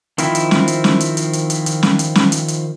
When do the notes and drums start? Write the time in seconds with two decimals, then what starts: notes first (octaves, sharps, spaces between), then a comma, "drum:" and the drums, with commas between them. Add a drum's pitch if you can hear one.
0.18 D#3 F3 C4 E4, drum: hi-hat
0.35 drum: hi-hat
0.51 drum: snare
0.68 drum: hi-hat
0.84 drum: snare
1.00 drum: hi-hat
1.17 drum: hi-hat
1.33 drum: hi-hat
1.50 drum: hi-hat
1.66 drum: hi-hat
1.83 drum: snare
1.99 drum: hi-hat
2.15 drum: snare
2.32 drum: hi-hat
2.48 drum: hi-hat